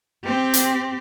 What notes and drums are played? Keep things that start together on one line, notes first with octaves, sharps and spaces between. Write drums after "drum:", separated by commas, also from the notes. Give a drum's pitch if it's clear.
C4 G4
drum: hi-hat